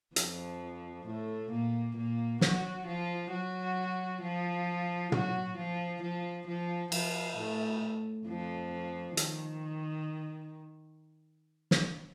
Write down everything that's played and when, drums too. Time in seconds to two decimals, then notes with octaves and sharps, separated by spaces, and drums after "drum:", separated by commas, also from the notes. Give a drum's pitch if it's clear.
0.16 F2 F3, drum: hi-hat
1.06 A2 A3
1.51 A#2 A#3
1.97 A#2 A#3
2.41 F#3 F#4, drum: snare
2.86 F3 F4
3.31 F#3 F#4
4.22 F3 F4
5.12 F#3 F#4, drum: tom
5.57 F3 F4
6.02 F3 F4
6.47 F3 F4
6.92 F3 F4, drum: cymbal
7.37 A2 A3
8.27 F2 F3
9.17 D#3, drum: hi-hat
11.71 drum: snare